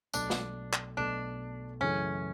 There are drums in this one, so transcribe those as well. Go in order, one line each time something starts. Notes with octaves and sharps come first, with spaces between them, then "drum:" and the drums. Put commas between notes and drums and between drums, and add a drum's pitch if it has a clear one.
B1 B2 A3 D4, drum: tambourine
drum: snare
drum: clap
B1 B2 A3 D4
F#2 C#3 E3 A3 C#4